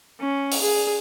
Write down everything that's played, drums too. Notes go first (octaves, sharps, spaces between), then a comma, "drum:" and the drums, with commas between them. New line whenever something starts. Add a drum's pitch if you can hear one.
C#4
drum: open hi-hat
G#4